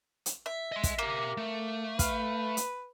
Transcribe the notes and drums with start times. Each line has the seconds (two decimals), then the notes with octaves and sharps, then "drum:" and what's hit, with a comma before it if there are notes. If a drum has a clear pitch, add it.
0.26 drum: hi-hat
0.46 E5
0.72 D#5 C6
0.84 drum: kick, hi-hat
0.99 A#3 G4 E5
1.37 A3
1.99 B4 F5, drum: kick, hi-hat
2.57 drum: hi-hat